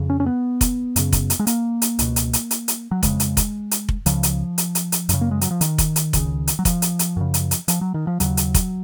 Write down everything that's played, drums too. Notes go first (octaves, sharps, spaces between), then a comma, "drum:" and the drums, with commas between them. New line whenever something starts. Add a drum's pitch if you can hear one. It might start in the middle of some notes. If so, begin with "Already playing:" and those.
Already playing: F2 C#3
C#4
C#4
B3
drum: kick F1, hi-hat
F#2 C#3, drum: hi-hat
drum: kick F1, hi-hat
drum: hi-hat
G#3
A#3, drum: hi-hat
drum: hi-hat
C#2 B2, drum: hi-hat
drum: hi-hat
drum: hi-hat
drum: hi-hat
drum: hi-hat
F#3
F2 C#3 G#3, drum: kick F1, hi-hat
drum: hi-hat
drum: kick F1, hi-hat
drum: hi-hat
drum: kick F1
C#2 C#3 F3, drum: hi-hat
drum: hi-hat
drum: hi-hat
drum: hi-hat
drum: hi-hat
F#2 C#3, drum: hi-hat
A#3
G#3
F#3, drum: hi-hat
F3
D#3, drum: hi-hat
drum: kick F1, hi-hat
drum: hi-hat
C#2 C#3, drum: kick F1, hi-hat
drum: hi-hat
F#3
F3, drum: kick F1, hi-hat
drum: hi-hat
drum: hi-hat
F#2 C#3
drum: hi-hat
drum: hi-hat
F3, drum: hi-hat
F#3
D#3
F3
D#2 C#3 F#3, drum: hi-hat
drum: hi-hat
drum: kick F1, hi-hat